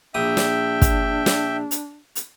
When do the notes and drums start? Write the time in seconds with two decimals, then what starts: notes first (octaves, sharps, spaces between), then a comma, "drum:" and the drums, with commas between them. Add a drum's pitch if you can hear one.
0.15 A#1 D4 E5 G5 D#6
0.37 drum: snare
0.82 drum: kick, hi-hat
1.26 drum: snare
1.71 drum: hi-hat
2.15 drum: hi-hat